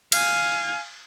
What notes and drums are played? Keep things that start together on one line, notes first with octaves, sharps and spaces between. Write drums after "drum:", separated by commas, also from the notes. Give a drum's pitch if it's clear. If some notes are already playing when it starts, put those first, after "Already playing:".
F5 G#5, drum: cymbal